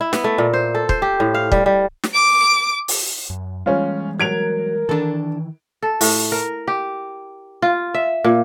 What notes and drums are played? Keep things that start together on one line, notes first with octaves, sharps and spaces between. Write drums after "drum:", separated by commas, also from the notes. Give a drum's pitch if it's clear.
E4
B3, drum: snare
A3
A#2
C5
A4
C5, drum: kick
G4
A2
F5
G3, drum: kick
G3
drum: snare
D6 D7
drum: open hi-hat
F#2
E3 G3 G#3 C#4 F4
F#3 A#4 G#6 D7 F7
D#3 E3 D4 A4
A4
A2, drum: open hi-hat
A#4
G4
F4
E5
A#2